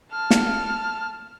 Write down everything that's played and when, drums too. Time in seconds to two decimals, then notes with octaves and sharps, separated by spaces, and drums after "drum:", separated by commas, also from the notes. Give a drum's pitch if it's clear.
0.12 A5 F6
0.31 drum: snare